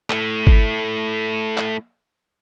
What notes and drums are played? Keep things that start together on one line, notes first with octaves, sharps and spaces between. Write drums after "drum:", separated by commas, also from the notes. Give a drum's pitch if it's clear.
A3 E4, drum: clap
drum: kick G1
drum: clap